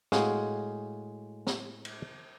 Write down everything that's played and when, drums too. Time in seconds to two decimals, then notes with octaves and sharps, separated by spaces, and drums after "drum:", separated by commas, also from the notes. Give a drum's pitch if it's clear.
0.12 A2 G#3 F#4 G#4 F5, drum: snare
1.47 drum: snare
1.85 drum: cymbal